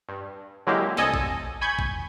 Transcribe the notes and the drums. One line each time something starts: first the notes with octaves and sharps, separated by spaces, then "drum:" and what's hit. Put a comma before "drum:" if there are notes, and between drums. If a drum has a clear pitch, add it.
G2
D3 F#3 G#3 A#3 E4 G4
C2 A4 D#5 G#5 D#6, drum: snare
drum: kick A1
G#5 B5 C#6 G6 G#6
drum: kick A1